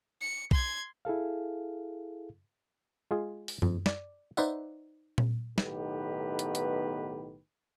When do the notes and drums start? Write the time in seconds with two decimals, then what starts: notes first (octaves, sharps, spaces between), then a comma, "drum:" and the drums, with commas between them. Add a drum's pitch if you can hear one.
0.21 C#7
0.51 C6 G#6, drum: kick
1.05 E4 G#4 A4 F5
3.11 G#3 F4 G#4
3.48 drum: open hi-hat
3.62 F2, drum: tom F#2
3.86 D5, drum: snare
4.37 D#4 B4 C5 D5 E5 F#5, drum: tambourine
5.18 drum: tom A#2
5.58 B1 A2 D#3 B3 G4 B4, drum: snare
6.39 drum: hi-hat
6.55 drum: hi-hat